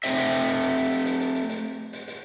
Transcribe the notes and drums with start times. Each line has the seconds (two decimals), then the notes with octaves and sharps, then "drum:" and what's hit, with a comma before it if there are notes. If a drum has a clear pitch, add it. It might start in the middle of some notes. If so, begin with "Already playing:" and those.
0.04 A3 C4 C5 E5, drum: hi-hat
0.18 drum: hi-hat
0.33 drum: hi-hat
0.47 drum: hi-hat
0.62 drum: hi-hat
0.76 drum: hi-hat
0.91 drum: hi-hat
1.06 drum: hi-hat
1.20 drum: hi-hat
1.35 drum: hi-hat
1.49 drum: hi-hat
1.93 drum: hi-hat
2.08 drum: hi-hat